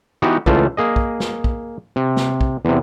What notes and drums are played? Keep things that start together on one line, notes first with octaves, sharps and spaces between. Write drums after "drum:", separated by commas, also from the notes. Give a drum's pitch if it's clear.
E3 B3 D#4 F#4 G4
C#2 E3 A3 F4 A5, drum: kick
A#3 G#4 D#5
drum: kick
drum: snare
drum: kick
C3
drum: snare
drum: kick
E2 C3